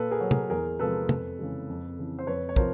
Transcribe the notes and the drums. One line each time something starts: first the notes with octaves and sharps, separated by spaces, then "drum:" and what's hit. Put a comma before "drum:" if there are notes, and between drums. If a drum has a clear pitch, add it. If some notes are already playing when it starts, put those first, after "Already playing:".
Already playing: A#2 A4 B4
G#4 A#4
F#3
G#4 A#4, drum: tom
E2 G#4 A#4
C3 F3 G#3 A4 B4
F2, drum: tom
C#3 E3 G#3
F2
C#3 E3
C5
F2 B4 C#5
C#5
C3 F3 A#4 C5, drum: kick